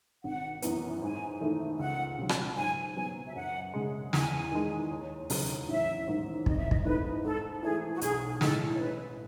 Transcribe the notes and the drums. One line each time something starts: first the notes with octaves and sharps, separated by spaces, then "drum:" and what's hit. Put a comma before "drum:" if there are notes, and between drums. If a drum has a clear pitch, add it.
G#1 F#5
F#2 E3 B3, drum: hi-hat
G#2 G#5
D#3 A3 E4
C#2 F#5
C#3 F#3
drum: rim click
G#2 G#5
F#3 B3 G#5
E5
F#2 F#5
C#3 G#3
E2 G#5, drum: snare
D#3 G#3
D#2
C#3 F#3, drum: open hi-hat
A1 E5
G#2 D#3 F#3
G#1 D#5, drum: kick
E5
D#5, drum: kick
G#2 E3 A3 D#4 B4
G#2 A4
E3 A3 G#4
F#4
B1 G#4, drum: hi-hat
A2 E3 G#3 D#4 A4, drum: snare
C#5
A1 B4